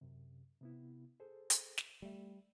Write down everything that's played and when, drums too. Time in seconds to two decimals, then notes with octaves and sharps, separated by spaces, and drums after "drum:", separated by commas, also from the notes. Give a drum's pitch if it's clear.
0.01 F#2 C3
0.61 C3 B3 E4
1.20 G#4 A4 C5
1.50 drum: hi-hat
1.78 drum: snare
2.02 G3 A3 E5